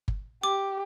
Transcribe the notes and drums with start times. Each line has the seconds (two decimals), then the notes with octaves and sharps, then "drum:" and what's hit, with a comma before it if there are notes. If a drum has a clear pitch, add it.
0.08 drum: kick G1
0.43 G4 D6